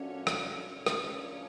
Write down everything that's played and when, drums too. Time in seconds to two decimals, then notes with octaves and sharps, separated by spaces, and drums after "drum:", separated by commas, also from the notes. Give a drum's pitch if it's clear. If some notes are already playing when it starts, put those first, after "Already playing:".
Already playing: A#2 F#3 A3 C#4 D4 C#5
0.27 drum: rim click
0.86 drum: rim click
1.16 A2 F3 A#3 C#4 D4 C#5